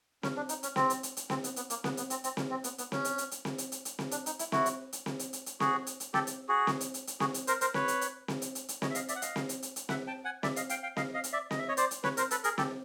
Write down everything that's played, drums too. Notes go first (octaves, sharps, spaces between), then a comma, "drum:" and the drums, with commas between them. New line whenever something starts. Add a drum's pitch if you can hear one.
C#4, drum: snare C4
D4
D#4, drum: hi-hat
C#4, drum: hi-hat
C4, drum: snare C4
drum: hi-hat
drum: hi-hat
drum: hi-hat
C4, drum: snare C4
B3, drum: hi-hat
B3, drum: hi-hat
A#3, drum: hi-hat
B3, drum: snare C4
B3, drum: hi-hat
C4, drum: hi-hat
C4, drum: hi-hat
C#4, drum: snare C4
C4
B3, drum: hi-hat
B3, drum: hi-hat
C#4, drum: snare C4
drum: hi-hat
drum: hi-hat
drum: hi-hat
drum: snare C4
drum: hi-hat
drum: hi-hat
drum: hi-hat
drum: snare C4
D4, drum: hi-hat
D#4, drum: hi-hat
E4, drum: hi-hat
E4 F#4, drum: snare C4
drum: hi-hat
drum: hi-hat
drum: snare C4
drum: hi-hat
drum: hi-hat
drum: hi-hat
F#4 G#4, drum: snare C4
drum: hi-hat
drum: hi-hat
G4 A4, drum: snare C4
drum: hi-hat
F#4 G#4
drum: snare C4
drum: hi-hat
drum: hi-hat
drum: hi-hat
F#4 G#4, drum: snare C4
drum: hi-hat
A#4 C5, drum: hi-hat
A#4 C5, drum: hi-hat
B4 C#5, drum: snare C4
drum: hi-hat
drum: hi-hat
drum: snare C4
drum: hi-hat
drum: hi-hat
drum: hi-hat
C#5 D#5, drum: snare C4
E5
D#5 F5, drum: hi-hat
D5 E5, drum: hi-hat
F#5
D#5 F5, drum: hi-hat
drum: snare C4
drum: hi-hat
drum: hi-hat
drum: hi-hat
E5 F#5, drum: snare C4
G5 A5
F#5 G#5
D5 E5, drum: snare C4
D#5 F5, drum: hi-hat
F5 G5, drum: hi-hat
F5 G5
D#5 F5, drum: snare C4
D#5 F5
drum: hi-hat
D5 E5
D#5, drum: snare C4
E5
C#5 D#5
C5 D5, drum: hi-hat
drum: hi-hat
B4 C#5, drum: snare C4
A#4 C5, drum: hi-hat
A4 B4, drum: hi-hat
G#4 A#4, drum: hi-hat
G4 A4, drum: snare C4